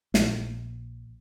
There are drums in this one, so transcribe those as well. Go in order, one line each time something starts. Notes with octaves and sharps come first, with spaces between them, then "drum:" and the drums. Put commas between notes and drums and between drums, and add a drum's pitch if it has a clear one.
A#1, drum: snare